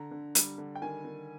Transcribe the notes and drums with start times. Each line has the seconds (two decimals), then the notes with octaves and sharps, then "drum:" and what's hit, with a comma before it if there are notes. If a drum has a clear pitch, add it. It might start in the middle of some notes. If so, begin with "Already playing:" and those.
Already playing: D3 A#5
0.11 D3
0.35 G3, drum: hi-hat
0.58 D3
0.75 G5
0.82 D#3 G#5
1.05 D#3